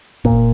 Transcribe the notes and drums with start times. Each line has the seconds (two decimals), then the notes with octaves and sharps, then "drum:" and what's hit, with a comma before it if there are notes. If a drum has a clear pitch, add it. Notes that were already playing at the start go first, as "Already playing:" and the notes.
0.25 A#2, drum: kick